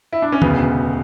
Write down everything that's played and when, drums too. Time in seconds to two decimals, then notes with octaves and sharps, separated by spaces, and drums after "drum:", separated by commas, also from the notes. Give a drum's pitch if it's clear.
0.13 E4
0.22 D4
0.32 C#4
0.42 E1 D2 C#3 B3, drum: tom D#3